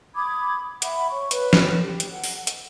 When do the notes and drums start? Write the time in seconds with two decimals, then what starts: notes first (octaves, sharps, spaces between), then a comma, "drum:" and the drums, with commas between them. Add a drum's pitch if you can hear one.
0.14 B5 D6 D#6 G#6
0.82 E5 F#5 B5, drum: hi-hat
1.10 C#5 C#6
1.31 B4 C#5, drum: hi-hat
1.53 drum: snare
1.80 G4
2.00 drum: hi-hat
2.11 A4 F#5
2.24 drum: open hi-hat
2.47 drum: hi-hat